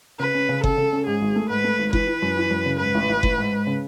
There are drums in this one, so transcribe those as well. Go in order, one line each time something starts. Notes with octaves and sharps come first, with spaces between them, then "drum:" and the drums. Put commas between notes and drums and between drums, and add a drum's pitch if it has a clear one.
C#3 B4
C#4
C#3
C#3 A4, drum: kick F#1
C#3
C#4
G#2 G#4
G#1
A3
G#2 B4
A3
G#1
E3 B4, drum: kick F#1
E3
F#2
E3
F#2
C#3
G#2 B4
A1
A1
A1, drum: kick F#1
G#2
G#2
C#3